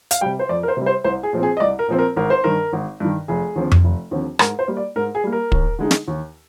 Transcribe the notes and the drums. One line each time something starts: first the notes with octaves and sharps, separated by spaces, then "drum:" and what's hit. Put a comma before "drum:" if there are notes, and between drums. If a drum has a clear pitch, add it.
F5, drum: hi-hat
C3 G3 G5
C5
F2 D5
A#4
C5
C3 G3
C5
C2 C5
G#4
A#2 F3 C4
G#4
D#5
C2 D5
A#4
A#2 F3 C4
A#4
G#1 A#4
C5
G2 D#3 A#4
G#1
G2 D#3
F1 G#4
D#2 D3 F3 C4
drum: tom F2
F1
D#2 D3 F3 C4
G#2 A#4, drum: rim click
C5
G3 A#3
D5
G#2 A#4
G#4
G3 A#3
A#4
D#2, drum: kick
D3 G#3 D#4
drum: snare
D#2